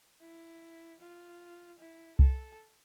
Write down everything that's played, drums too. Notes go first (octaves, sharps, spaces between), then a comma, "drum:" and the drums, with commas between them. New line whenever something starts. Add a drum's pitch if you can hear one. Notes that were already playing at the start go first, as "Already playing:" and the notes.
E4
F4
E4
A4, drum: kick C2